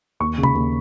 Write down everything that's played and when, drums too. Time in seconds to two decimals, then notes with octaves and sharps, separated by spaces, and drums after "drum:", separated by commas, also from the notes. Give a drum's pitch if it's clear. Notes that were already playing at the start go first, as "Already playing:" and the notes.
0.20 D#2 C#6
0.38 C#3
0.43 B5, drum: tom C3
0.55 D#2